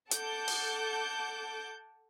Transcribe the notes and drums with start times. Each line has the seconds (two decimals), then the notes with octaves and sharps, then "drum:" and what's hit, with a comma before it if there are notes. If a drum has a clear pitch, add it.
0.11 A4 F#5 A5 D6 G6, drum: hi-hat
0.48 drum: open hi-hat